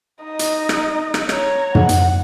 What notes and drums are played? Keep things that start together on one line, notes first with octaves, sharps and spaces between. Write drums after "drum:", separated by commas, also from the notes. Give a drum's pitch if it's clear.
D#4 D#5
drum: hi-hat
drum: rim click
drum: rim click
C#5 A#5, drum: rim click
F#5, drum: tom
drum: hi-hat